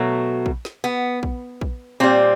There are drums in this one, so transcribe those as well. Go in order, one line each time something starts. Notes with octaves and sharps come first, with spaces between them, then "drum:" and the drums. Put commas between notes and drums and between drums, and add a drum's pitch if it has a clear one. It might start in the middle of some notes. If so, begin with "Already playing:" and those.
Already playing: B2 F#3 A3
drum: kick A#1
drum: snare
B3
drum: kick A#1
drum: kick A#1
A#2 G3 C4